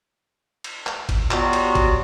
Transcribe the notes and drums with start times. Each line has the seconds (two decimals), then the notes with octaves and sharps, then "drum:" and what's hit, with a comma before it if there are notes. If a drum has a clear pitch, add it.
0.64 drum: cymbal
0.87 drum: clap
1.09 drum: kick, cymbal
1.31 F#3 G3 B3 F4 F#4, drum: clap
1.53 drum: cymbal
1.75 drum: kick, cymbal